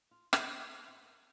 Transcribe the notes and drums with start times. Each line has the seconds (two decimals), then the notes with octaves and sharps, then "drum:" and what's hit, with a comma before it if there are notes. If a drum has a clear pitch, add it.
0.11 F4
0.33 B2, drum: rim click
0.47 D2
0.88 F4
1.03 A#4